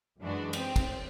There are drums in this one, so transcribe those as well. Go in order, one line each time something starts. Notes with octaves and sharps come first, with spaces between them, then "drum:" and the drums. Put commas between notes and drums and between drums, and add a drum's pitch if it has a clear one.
F#2 E3 G#3 D4 F#4
C4 G5, drum: cymbal
drum: kick, cymbal